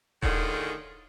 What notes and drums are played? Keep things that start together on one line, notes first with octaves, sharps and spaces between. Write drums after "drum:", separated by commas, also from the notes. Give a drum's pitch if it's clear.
A2 D3 D#3 F4 G#4, drum: kick D#1